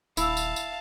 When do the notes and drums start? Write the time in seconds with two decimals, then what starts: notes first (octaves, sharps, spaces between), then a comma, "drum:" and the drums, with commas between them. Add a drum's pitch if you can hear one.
0.17 D#1 E4 F5 A5, drum: tambourine
0.37 drum: tambourine
0.56 drum: tambourine